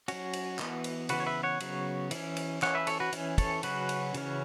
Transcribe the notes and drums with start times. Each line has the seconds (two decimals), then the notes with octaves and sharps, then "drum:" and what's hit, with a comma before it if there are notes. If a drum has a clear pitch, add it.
0.08 F#3 C#4 F#4, drum: cymbal
0.33 drum: cymbal
0.59 E3 B3, drum: clap
0.84 drum: cymbal
1.09 C#3 E3 B3 F#4 B4, drum: cymbal
1.20 C#5
1.26 B4 E5
1.43 C#5 F#5
1.60 C#3 F#3 B3, drum: cymbal
2.11 E3 C#4, drum: cymbal
2.37 drum: cymbal
2.62 E3 C#4 C#5 F#5, drum: clap
2.75 B4 E5
2.87 A4 C#5, drum: cymbal
3.00 F#4 B4
3.13 E3 C#4, drum: cymbal
3.38 A4 C#5, drum: kick, cymbal
3.63 C#3 F#3 C#4 F#4 B4, drum: cymbal
3.89 drum: cymbal
4.14 C#3 E3 C#4, drum: cymbal